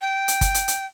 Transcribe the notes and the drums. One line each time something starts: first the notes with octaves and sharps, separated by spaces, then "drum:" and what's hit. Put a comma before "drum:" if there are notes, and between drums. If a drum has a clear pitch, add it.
G5
drum: hi-hat
drum: kick G1, hi-hat
drum: hi-hat
drum: hi-hat